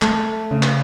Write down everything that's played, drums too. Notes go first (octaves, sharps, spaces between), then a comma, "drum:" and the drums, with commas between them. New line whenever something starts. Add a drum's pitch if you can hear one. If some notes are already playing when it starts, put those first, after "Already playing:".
A3, drum: clap
C#3
drum: clap